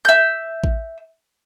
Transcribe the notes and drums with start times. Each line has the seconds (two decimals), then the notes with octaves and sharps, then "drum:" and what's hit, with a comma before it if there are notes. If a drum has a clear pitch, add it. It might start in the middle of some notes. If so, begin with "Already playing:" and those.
0.05 E5 G6
0.64 drum: kick A1